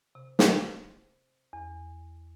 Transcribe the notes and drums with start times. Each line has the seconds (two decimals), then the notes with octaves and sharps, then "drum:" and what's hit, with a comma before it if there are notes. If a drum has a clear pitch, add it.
0.15 C3
0.39 drum: snare
1.53 E2